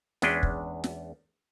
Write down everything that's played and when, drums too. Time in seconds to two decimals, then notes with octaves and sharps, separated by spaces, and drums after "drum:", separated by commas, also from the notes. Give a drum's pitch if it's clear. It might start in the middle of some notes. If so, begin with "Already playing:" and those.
0.22 E2 G#3 C#4 D4 B4 G5, drum: snare
0.43 drum: kick
0.84 drum: snare